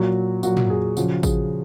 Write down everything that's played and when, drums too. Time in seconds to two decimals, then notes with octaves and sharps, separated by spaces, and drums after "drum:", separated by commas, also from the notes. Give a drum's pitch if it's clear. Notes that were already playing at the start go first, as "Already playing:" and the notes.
Already playing: A#2 F#3 F#4
0.43 A#2 F#3 F#4, drum: tambourine
0.57 drum: tom
0.70 G#4
0.97 C#3 F3 F#4, drum: tambourine
1.23 G#4, drum: kick A1, tambourine